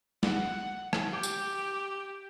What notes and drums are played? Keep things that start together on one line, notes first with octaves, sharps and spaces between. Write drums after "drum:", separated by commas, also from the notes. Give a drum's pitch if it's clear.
F#5, drum: snare
drum: rim click
G4
drum: tambourine